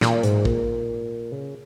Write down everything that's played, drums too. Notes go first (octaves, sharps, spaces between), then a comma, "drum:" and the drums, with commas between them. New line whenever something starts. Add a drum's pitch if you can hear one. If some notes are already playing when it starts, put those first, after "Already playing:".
A#2, drum: snare
G#2, drum: hi-hat
A#2, drum: kick
C#3